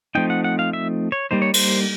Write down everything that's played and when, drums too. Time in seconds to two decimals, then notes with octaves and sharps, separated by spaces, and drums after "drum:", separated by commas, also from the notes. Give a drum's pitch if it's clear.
0.15 F3 A3 C4 D#4 G5
0.30 F#5
0.44 F#5
0.59 F5
0.73 E5
1.12 C#5
1.31 G3 A#3 D#4 C5
1.42 C#5
1.54 C5, drum: cymbal